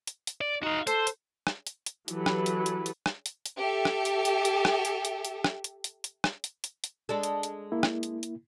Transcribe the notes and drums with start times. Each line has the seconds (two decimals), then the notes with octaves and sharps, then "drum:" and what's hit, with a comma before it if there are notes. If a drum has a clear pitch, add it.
0.07 drum: hi-hat
0.27 drum: hi-hat
0.41 D5
0.63 D#4 F#4 F5
0.87 A4 C5, drum: hi-hat
1.07 drum: hi-hat
1.47 drum: rim click
1.67 drum: hi-hat
1.86 drum: hi-hat
2.08 E3 F#3 G4 A4 B4, drum: hi-hat
2.26 drum: rim click
2.46 drum: hi-hat
2.66 drum: hi-hat
2.86 drum: hi-hat
3.06 drum: rim click
3.26 drum: hi-hat
3.46 drum: hi-hat
3.57 G4 A4 E5
3.85 drum: rim click
4.05 drum: hi-hat
4.25 drum: hi-hat
4.45 drum: hi-hat
4.65 drum: rim click
4.85 drum: hi-hat
5.05 drum: hi-hat
5.25 drum: hi-hat
5.44 drum: rim click
5.64 drum: hi-hat
5.84 drum: hi-hat
6.04 drum: hi-hat
6.24 drum: rim click
6.44 drum: hi-hat
6.64 drum: hi-hat
6.84 drum: hi-hat
7.09 G#3 D4 A4
7.23 drum: hi-hat
7.43 drum: hi-hat
7.72 A#3 E4
7.83 drum: rim click
8.03 drum: hi-hat
8.23 drum: hi-hat